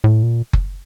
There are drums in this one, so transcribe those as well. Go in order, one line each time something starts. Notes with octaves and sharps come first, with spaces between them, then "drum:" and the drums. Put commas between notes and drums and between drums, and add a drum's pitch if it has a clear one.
A2
A#2
drum: kick F#1